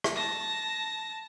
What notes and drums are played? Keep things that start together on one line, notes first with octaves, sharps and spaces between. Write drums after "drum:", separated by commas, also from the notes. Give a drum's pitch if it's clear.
drum: rim click
A5 A#6